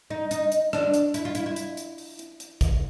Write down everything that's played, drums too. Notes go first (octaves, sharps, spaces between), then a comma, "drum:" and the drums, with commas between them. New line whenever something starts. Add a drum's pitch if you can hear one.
D#4
D#4, drum: hi-hat
drum: hi-hat
D4, drum: rim click
drum: hi-hat
E4, drum: hi-hat
F4
E4, drum: hi-hat
E4
drum: hi-hat
drum: hi-hat
drum: open hi-hat
drum: hi-hat
drum: hi-hat
drum: kick, hi-hat